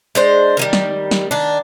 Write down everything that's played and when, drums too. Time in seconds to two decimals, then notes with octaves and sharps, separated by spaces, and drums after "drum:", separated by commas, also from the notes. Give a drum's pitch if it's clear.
0.15 G#3 D4 C5
0.57 D#3 F#3 G3
0.73 drum: snare
1.11 drum: snare
1.31 D#3 D4